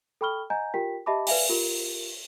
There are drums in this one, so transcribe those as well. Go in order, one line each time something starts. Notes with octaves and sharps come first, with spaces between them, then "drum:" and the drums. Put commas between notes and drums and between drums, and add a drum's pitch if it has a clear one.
A4 G5 B5 C#6 F6 G7
D#5 F#5 G#5 A#5 G6
F4 G4 A#4 G5 B6
G4 D#5 E5 A5 B5 D6
B4 D5 E5 F5 G#5, drum: open hi-hat
F4 G4 A#4